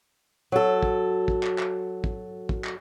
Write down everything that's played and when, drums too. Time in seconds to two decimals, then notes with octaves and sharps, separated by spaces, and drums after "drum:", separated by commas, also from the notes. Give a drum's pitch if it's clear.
0.52 F#3 A4
0.83 drum: kick
1.28 drum: kick
1.43 drum: clap
1.58 drum: clap
2.04 drum: kick
2.49 drum: kick
2.64 drum: clap